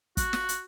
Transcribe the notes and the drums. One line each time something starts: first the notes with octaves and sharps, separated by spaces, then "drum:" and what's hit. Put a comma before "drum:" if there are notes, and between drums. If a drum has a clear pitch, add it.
F#4, drum: kick, hi-hat
drum: snare
drum: hi-hat